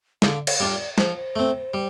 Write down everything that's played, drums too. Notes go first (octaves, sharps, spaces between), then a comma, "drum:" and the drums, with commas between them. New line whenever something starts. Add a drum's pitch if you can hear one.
D3 F5, drum: snare
F5, drum: cymbal
G3 D4 F4
D5
F3 C5, drum: snare
A3 C4
G3